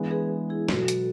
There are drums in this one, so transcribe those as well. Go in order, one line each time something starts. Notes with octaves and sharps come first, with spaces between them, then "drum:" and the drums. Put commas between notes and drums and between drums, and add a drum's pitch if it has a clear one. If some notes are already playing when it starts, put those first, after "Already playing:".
Already playing: E3 G#3 B3 D4
G#4 B4
E4 G#4
B2 F#3 B3 F#4 A4, drum: snare
drum: hi-hat